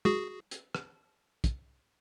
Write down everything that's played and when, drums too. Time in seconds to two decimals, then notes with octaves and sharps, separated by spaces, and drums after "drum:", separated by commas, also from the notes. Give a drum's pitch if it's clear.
0.05 F#4 G#4, drum: tom
0.51 drum: hi-hat
0.75 drum: rim click
1.44 drum: kick, hi-hat